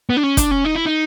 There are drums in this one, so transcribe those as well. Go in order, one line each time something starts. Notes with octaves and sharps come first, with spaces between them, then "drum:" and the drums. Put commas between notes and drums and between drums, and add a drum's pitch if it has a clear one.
B3
D4
C#4
D4, drum: kick, hi-hat
C#4
D#4
E4
D#4